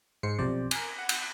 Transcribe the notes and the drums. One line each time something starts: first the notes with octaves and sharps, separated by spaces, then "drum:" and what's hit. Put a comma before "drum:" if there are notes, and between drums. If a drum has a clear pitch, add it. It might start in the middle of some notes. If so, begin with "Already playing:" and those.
G#2 C5 C7 C#7
B1 F2 C3 C5 D5
A#4 G#5, drum: cymbal
F#5
drum: cymbal